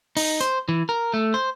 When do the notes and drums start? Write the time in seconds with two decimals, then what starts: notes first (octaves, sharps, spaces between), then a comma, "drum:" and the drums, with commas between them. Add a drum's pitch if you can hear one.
0.17 D#4, drum: open hi-hat
0.41 C5, drum: hi-hat
0.69 E3
0.89 A#4
1.14 A3
1.34 C5